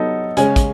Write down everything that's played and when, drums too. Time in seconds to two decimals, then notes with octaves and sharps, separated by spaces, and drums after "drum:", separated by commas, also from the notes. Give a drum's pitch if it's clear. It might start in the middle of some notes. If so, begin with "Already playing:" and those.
Already playing: F#3 B3 D#4 A4
0.37 C#3 G#3 C#4 G#5, drum: hi-hat
0.56 drum: kick, hi-hat